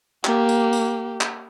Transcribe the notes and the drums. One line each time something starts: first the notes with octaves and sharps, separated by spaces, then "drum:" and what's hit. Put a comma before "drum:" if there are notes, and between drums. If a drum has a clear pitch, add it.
A#3 G4, drum: clap
drum: tambourine
drum: tambourine
drum: clap